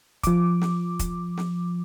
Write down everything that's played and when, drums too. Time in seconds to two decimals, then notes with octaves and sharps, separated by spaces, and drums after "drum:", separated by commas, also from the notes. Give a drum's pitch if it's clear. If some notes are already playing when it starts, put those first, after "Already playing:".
0.23 F3 D6, drum: kick, hi-hat
0.61 drum: snare
0.99 drum: kick, hi-hat
1.37 drum: snare